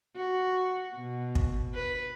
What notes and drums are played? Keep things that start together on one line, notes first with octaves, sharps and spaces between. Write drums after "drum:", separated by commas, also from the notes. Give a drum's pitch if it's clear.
F#4
B2
drum: kick
B4